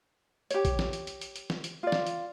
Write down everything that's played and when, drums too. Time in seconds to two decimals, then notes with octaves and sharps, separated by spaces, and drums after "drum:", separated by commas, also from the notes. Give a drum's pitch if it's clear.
0.51 G4 C#5, drum: hi-hat
0.65 drum: kick A#1, hi-hat
0.79 drum: snare
0.93 drum: hi-hat
1.07 drum: hi-hat
1.21 drum: hi-hat
1.36 drum: hi-hat
1.50 drum: snare
1.64 drum: hi-hat
1.83 F4 D5
1.92 drum: snare
2.07 drum: hi-hat